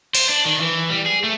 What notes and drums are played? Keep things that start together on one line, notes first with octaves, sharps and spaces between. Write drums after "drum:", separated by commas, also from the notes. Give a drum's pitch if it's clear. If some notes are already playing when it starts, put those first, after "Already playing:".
C5, drum: open hi-hat
D4
D#3
E3
G3
G#4
A3